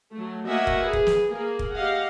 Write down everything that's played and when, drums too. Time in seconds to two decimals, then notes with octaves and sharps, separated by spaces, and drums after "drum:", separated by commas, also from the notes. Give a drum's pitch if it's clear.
0.14 F#3 A3
0.48 A#3 F#4 D#5 E5 F#5 G#5
0.67 drum: kick
0.83 G#4 B4
0.93 drum: kick
1.07 drum: snare
1.28 A#3 G#4
1.59 drum: kick
1.75 G4 D#5 F5 F#5